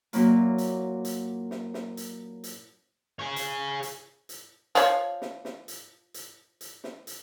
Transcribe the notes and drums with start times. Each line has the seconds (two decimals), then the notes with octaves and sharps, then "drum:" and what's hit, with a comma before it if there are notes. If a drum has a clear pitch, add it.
0.13 A#2 F#3 A#3 C#4 E4 F4, drum: hi-hat
0.58 drum: hi-hat
1.05 drum: hi-hat
1.51 drum: snare
1.74 drum: snare
1.97 drum: hi-hat
2.44 drum: hi-hat
3.19 G#4 C#5
3.36 drum: hi-hat
3.83 drum: hi-hat
4.29 drum: hi-hat
4.75 F3 C#5, drum: hi-hat
5.22 drum: snare
5.45 drum: snare
5.68 drum: hi-hat
6.14 drum: hi-hat
6.61 drum: hi-hat
6.84 drum: snare
7.07 drum: hi-hat